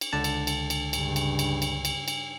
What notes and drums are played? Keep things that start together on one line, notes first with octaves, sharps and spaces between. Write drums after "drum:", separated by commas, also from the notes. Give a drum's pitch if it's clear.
drum: cymbal
C#2 D3 A5
drum: cymbal
drum: cymbal
drum: cymbal
G2 C#3, drum: cymbal
drum: cymbal
drum: cymbal
drum: cymbal
drum: cymbal
drum: cymbal